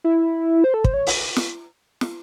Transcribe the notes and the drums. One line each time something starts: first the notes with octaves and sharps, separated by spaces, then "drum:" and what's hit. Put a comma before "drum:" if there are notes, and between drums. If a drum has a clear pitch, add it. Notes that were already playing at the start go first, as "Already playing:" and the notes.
E4
C5
A4
C5, drum: kick
C#5
drum: open hi-hat
drum: snare
drum: snare